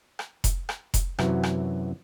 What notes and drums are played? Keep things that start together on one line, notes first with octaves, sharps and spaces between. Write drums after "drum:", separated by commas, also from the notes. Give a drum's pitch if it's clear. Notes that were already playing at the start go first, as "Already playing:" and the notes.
drum: rim click
drum: kick F1, hi-hat
drum: rim click
drum: kick F1, hi-hat
F#2 C3 E3 F#3 E4 F#4, drum: rim click
drum: rim click